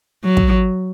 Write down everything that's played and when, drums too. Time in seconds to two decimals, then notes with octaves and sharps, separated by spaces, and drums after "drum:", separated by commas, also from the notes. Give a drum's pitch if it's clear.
0.24 F#3
0.37 drum: kick